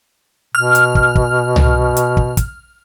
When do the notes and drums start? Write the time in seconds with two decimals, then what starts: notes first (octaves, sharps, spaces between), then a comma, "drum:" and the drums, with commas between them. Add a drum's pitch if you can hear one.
0.55 B2 F6
0.75 drum: hi-hat
0.95 drum: kick
1.15 drum: kick
1.56 drum: tom C2
1.97 drum: hi-hat
2.17 drum: kick
2.37 drum: kick, hi-hat